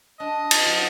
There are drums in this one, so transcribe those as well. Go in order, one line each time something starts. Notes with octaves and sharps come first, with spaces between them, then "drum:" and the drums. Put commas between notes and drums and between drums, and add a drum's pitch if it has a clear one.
D4 D#5
drum: cymbal
F#3